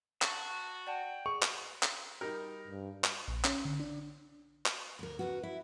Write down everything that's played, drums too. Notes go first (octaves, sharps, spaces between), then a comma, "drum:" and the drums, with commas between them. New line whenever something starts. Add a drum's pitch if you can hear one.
F#4 A5 C#6, drum: clap
D5 F#5 G5 A5
G#4 C#6
drum: clap
drum: clap
G3 D#4 A#4
G2
drum: clap
A#1
C#4, drum: clap
D3
D4
drum: clap
D2 A#4
E2 C#3 F#4 B4
E4 E5